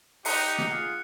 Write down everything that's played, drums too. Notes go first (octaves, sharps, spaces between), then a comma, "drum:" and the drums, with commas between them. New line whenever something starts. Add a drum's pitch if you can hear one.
D#4 G4 F#6 C7 C#7, drum: open hi-hat
drum: snare
F4 G#4 F#5